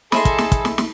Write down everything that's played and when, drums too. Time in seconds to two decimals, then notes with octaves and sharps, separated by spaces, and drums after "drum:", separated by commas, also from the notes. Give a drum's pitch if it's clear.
0.12 G#4 A4 C5 D#5 E5 B5 C6, drum: snare
0.25 drum: kick, hi-hat
0.38 drum: snare
0.52 drum: kick, hi-hat
0.65 drum: snare
0.78 drum: snare